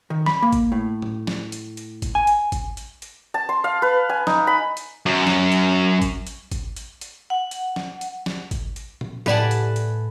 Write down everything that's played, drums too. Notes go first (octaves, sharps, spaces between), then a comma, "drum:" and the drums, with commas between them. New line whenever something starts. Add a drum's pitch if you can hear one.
D#3
B5, drum: snare
A#3
drum: kick G#1, hi-hat
A2
drum: tom A2
drum: snare
drum: hi-hat
drum: hi-hat
drum: kick G#1, hi-hat
G#5
drum: hi-hat
drum: kick G#1, hi-hat
drum: hi-hat
drum: hi-hat
A5
C6
F5
B4
G#5
D#4, drum: snare
B5
drum: hi-hat
F#2 F#3
drum: snare
drum: hi-hat
drum: kick G#1, hi-hat
drum: hi-hat
drum: kick G#1, hi-hat
drum: hi-hat
drum: hi-hat
F#5
drum: hi-hat
drum: snare
drum: hi-hat
drum: snare
drum: kick G#1, hi-hat
drum: hi-hat
drum: tom A#2
A2 G4 B4 D5 F#5 G#5 A5, drum: snare
drum: hi-hat
drum: hi-hat